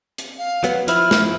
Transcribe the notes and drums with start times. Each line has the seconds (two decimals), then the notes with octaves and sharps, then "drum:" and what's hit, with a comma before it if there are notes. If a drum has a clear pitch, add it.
0.18 drum: hi-hat
0.38 F5
0.64 F#3 B3, drum: hi-hat
0.88 F3 E4 F6, drum: hi-hat
1.11 drum: snare